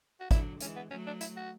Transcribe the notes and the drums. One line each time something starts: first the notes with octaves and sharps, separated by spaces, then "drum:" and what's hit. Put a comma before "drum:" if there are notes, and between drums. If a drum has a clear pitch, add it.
F#4
D3 F#3 E4, drum: kick G#1, hi-hat
E3 G#3 C#4, drum: hi-hat
B3
F#3 A3 C#4
D4
E4, drum: hi-hat
F#4